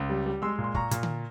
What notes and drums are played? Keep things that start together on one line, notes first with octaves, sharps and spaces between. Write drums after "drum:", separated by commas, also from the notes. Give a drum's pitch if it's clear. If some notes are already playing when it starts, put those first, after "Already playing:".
Already playing: C#2
G3
G3
G#3 C6 E6
A#2
C6
A#2 A#5 C#6, drum: kick
A#2, drum: hi-hat
drum: tom D3